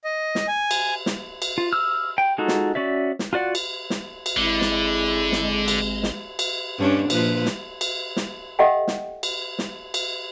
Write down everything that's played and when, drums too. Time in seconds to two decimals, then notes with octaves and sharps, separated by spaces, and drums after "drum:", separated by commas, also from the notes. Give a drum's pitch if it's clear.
0.04 D#5
0.35 drum: snare
0.48 G#5
0.71 drum: cymbal
1.06 drum: snare
1.42 drum: cymbal
1.58 F4
1.73 E6 F6
2.18 G5
2.38 G#3 D#4 F4 F#4 A4
2.48 drum: snare
2.75 C#4 F#4 D5 E5
3.19 drum: snare
3.33 F4 F#4 D5 F#5
3.55 drum: cymbal
3.90 drum: snare
4.26 drum: cymbal
4.37 G#1 D3 G#3 C4 E4 D#5
4.61 drum: snare
5.32 drum: snare
5.68 drum: cymbal
6.03 drum: snare
6.39 drum: cymbal
6.79 G2 C#4 D4
7.10 A#2 F3 B4, drum: cymbal
7.45 drum: snare
7.81 drum: cymbal
8.17 drum: snare
8.59 G4 A4 D#5 E5 F#5 G5
8.88 drum: snare
9.23 drum: cymbal
9.59 drum: snare
9.94 drum: cymbal